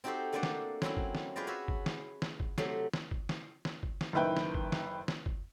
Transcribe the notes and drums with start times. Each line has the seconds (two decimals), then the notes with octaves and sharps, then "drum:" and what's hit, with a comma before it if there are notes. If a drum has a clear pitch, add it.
0.04 C4 D#4 F#4 G4 A4 C5
0.32 A3 A#3 D4 C5 D5 F#5
0.43 drum: snare
0.82 F#3 C4 C#4 E4, drum: snare
0.97 drum: kick
1.15 drum: snare
1.36 F4 G#4 B4 C5 D5 D#5
1.47 F#4 B4 C#5 E5
1.68 drum: kick
1.86 drum: snare
2.22 drum: snare
2.40 drum: kick
2.58 C3 F#3 A3 C6, drum: snare
2.93 drum: snare
3.11 drum: kick
3.29 drum: snare
3.65 drum: snare
3.83 drum: kick
4.01 drum: snare
4.13 F#1 D#3 E4 B4 G5
4.37 drum: snare
4.54 drum: kick
4.72 drum: snare
5.08 drum: snare
5.26 drum: kick